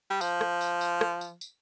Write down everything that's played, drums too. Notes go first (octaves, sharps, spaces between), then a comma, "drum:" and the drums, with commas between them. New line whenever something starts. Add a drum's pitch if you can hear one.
G3
F3, drum: tambourine
drum: rim click
drum: tambourine
drum: tambourine
drum: rim click
drum: tambourine
drum: tambourine